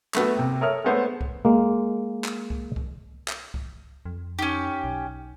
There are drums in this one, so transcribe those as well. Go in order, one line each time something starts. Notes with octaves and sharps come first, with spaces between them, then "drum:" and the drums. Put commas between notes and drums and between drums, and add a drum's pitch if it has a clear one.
A3 B3 F#4, drum: clap
D#2 C3
A4 A#4 C#5 E5 D#6 F6
G#3 A3 B3 C5 C#5
drum: kick C2
G#3 A#3
drum: clap
drum: kick C2
drum: kick C2
drum: clap
drum: kick C2
F2
C#4 D#4 G4
B1